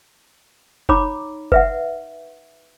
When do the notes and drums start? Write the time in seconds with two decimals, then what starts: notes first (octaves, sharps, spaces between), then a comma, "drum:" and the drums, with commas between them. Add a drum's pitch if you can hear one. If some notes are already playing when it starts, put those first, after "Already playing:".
0.89 D#4 C#5 A#5 B5 D6, drum: kick F#1
1.52 B4 E5 F#5, drum: kick F#1